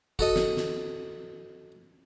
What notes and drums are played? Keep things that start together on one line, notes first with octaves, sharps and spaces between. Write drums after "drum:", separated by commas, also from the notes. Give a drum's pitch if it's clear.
F#4 A4 D#5, drum: kick
drum: snare
drum: snare